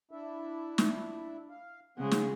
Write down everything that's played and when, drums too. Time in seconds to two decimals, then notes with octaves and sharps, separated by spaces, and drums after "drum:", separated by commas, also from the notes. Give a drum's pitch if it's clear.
0.11 D4 E4 E5
0.78 drum: snare
1.50 F5
1.98 C#3 F3 G#3 C#4 F#5
2.11 drum: snare